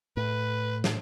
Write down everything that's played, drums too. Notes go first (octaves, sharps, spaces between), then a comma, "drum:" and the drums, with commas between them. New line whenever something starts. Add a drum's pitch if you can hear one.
A2 B4
drum: snare